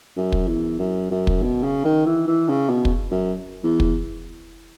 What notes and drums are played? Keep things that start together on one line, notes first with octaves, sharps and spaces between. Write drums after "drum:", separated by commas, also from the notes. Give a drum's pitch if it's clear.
F#2
drum: kick
E2
F#2
F#2
drum: kick
B2
C#3
D#3
E3
E3
C#3
B2
drum: kick
F#2
E2
drum: kick